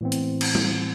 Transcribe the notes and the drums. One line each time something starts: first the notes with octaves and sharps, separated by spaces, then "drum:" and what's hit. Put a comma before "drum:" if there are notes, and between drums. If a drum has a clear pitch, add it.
A2 E3 B3 C4
drum: hi-hat
drum: cymbal
drum: tom G3